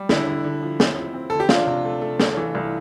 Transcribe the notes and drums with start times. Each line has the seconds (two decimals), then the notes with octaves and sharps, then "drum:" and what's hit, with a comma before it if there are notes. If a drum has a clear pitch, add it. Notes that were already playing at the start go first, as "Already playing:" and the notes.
Already playing: G3
0.09 D3 E4, drum: snare
0.27 D3
0.44 D3
0.63 F3
0.80 C4, drum: snare
0.97 F3
1.14 C4
1.30 D2 A4
1.40 G4
1.49 F3 D4 F4, drum: snare
1.67 C3
1.85 A3
2.01 A3
2.20 A3, drum: snare
2.37 E3
2.55 C2